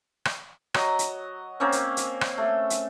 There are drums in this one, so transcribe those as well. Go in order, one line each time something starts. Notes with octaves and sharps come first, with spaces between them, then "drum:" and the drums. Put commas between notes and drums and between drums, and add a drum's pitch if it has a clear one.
drum: rim click
F#3 D#5, drum: rim click
drum: hi-hat
A#3 C4 C#4
drum: hi-hat
drum: hi-hat
drum: rim click
A3
drum: hi-hat